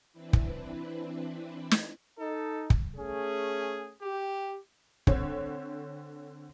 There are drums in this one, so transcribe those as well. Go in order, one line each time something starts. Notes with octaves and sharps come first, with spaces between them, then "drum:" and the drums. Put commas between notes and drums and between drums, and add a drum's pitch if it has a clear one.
E3 C4 D4 E4 B4
drum: kick
drum: snare
D#4 A4
drum: kick
A3 C#4 G#4
G4
D3 C4 C#5, drum: kick